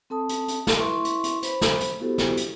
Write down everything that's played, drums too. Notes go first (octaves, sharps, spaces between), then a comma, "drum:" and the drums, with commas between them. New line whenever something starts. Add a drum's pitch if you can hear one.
C4 A4 A5 D#6
drum: hi-hat
drum: hi-hat
drum: snare
E4 B4 E5 C6 C#6
drum: hi-hat
drum: hi-hat
C5 B5, drum: hi-hat
drum: snare
drum: hi-hat
B3 E4 F#4 G4 A4 C5
drum: snare
drum: hi-hat